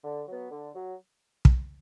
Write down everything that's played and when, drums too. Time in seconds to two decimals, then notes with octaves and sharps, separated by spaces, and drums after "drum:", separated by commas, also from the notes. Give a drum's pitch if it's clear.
0.04 D3
0.27 F#3 B3
0.51 D3
0.75 F#3
1.45 drum: kick